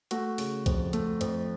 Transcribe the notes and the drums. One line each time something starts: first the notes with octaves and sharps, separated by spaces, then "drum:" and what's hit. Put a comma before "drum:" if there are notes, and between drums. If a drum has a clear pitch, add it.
A3 F#4, drum: hi-hat
C#3, drum: open hi-hat
F2, drum: kick, hi-hat
A3, drum: hi-hat
F2, drum: hi-hat